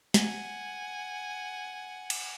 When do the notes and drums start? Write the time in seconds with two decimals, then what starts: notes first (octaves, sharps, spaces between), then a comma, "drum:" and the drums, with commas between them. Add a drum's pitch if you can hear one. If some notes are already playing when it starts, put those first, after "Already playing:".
0.14 F#5 G#5, drum: snare
2.10 drum: cymbal